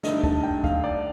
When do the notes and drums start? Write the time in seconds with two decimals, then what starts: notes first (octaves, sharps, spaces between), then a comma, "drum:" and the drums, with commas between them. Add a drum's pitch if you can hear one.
0.03 G2 D3 A3 D#4 D#5, drum: snare
0.24 A5, drum: kick
0.43 G5
0.64 F5, drum: kick
0.84 D5